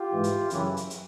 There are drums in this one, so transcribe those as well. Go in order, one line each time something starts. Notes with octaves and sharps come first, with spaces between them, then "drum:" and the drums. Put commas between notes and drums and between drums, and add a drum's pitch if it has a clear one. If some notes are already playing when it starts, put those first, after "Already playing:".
Already playing: F4 G4
G#2 E3
drum: hi-hat
F#2 C#3 E3, drum: hi-hat
drum: hi-hat
drum: hi-hat